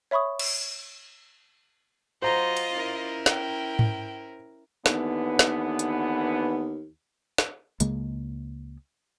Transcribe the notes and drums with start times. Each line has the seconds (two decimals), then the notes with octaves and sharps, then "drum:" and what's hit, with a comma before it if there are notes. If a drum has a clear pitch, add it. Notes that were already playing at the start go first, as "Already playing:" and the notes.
0.11 C#5 E5 B5 C#6 D#6
0.39 drum: cymbal
2.22 F#3 F4 F#4 C5 D#5 A#5
2.57 drum: cymbal
2.71 C#4 E4 A#4
3.26 G5, drum: snare
3.79 drum: tom G#2
4.86 D#2 D3 E3 B3, drum: snare
5.39 drum: snare
5.79 drum: hi-hat
7.38 drum: snare
7.80 C#2 C#3 G#3 A#3, drum: hi-hat